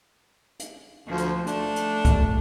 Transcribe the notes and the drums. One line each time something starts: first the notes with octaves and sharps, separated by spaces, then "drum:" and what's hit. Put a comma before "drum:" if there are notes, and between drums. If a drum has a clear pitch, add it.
drum: hi-hat
D2 F3
drum: hi-hat
A3 D4, drum: hi-hat
drum: hi-hat
drum: kick C2, hi-hat